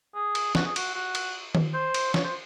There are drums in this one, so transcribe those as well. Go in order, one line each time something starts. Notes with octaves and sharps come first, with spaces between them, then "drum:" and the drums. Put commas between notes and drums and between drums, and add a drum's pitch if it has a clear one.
G#4
drum: cymbal
F#4, drum: snare
G#4
F#4, drum: cymbal
F#4
drum: cymbal
drum: tom D#3
C5
drum: cymbal
C#5, drum: snare
C5